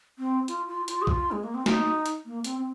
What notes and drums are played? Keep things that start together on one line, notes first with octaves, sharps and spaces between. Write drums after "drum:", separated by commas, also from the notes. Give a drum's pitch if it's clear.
C4
F4, drum: hi-hat
F4
F4, drum: hi-hat
G#4
F4, drum: kick B1
G#3
A#3
C4
D#4, drum: snare
drum: hi-hat
A#3
C4, drum: hi-hat
C4